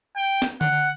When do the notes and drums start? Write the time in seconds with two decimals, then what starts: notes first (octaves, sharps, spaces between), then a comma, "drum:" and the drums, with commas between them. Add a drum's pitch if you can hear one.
0.16 G5
0.42 drum: snare
0.61 F#5, drum: tom D3